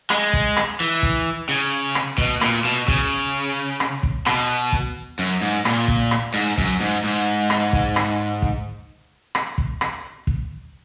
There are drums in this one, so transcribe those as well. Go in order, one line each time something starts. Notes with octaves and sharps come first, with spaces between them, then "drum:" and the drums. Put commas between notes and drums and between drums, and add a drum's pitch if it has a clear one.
G#3, drum: rim click
drum: kick
drum: rim click
E3
drum: kick
C#3
drum: rim click
B2, drum: kick
A#2, drum: rim click
B2
C#3, drum: kick
drum: rim click
drum: kick
B2, drum: rim click
drum: kick
F#2
G#2
A#2, drum: rim click
drum: kick
drum: rim click
G#2
F#2, drum: kick
G#2
G#2
drum: rim click
drum: kick
drum: rim click
drum: kick
drum: rim click
drum: kick
drum: rim click
drum: kick